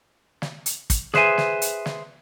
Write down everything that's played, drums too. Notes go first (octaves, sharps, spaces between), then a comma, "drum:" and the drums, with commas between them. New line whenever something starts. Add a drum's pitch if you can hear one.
drum: snare
drum: hi-hat
drum: kick, hi-hat
G#4 B4 C5 E5 G#5, drum: snare
drum: snare
drum: hi-hat
drum: snare